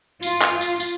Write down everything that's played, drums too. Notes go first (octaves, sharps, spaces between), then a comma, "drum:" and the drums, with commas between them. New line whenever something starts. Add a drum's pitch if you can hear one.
F4, drum: tambourine
drum: clap
drum: tambourine
drum: tambourine